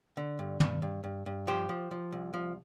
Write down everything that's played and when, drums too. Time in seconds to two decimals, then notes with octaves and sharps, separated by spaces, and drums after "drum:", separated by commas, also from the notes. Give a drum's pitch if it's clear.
0.17 D3
0.39 G2
0.60 G2, drum: tom
0.82 G2
1.04 G2
1.26 G2
1.47 F3 G4 C5
1.69 F3
1.91 F3
2.12 C2
2.34 F3